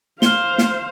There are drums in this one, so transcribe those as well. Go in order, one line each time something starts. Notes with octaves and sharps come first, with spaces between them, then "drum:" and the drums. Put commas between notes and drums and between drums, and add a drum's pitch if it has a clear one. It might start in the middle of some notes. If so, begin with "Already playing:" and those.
C5 F5 F6 G7, drum: snare
drum: snare